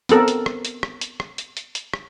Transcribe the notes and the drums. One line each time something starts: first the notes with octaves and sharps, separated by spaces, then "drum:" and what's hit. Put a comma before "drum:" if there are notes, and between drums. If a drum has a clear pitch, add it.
B3 C4 A4 A#4, drum: hi-hat
drum: hi-hat
drum: rim click
drum: hi-hat
drum: rim click
drum: hi-hat
drum: rim click
drum: hi-hat
drum: hi-hat
drum: hi-hat
drum: rim click